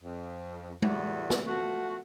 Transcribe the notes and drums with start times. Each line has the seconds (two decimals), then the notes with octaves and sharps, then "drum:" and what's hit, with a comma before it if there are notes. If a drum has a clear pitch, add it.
0.03 F2
0.82 E2 A2 E3 G3 F#4, drum: tom G#3
1.30 drum: snare
1.46 F3 A3 F#4